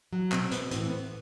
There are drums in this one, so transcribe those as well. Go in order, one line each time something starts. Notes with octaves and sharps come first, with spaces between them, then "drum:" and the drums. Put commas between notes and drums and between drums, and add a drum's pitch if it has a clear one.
F#3
B2 C4, drum: clap
B3, drum: hi-hat
A2 E3 C4, drum: hi-hat
B3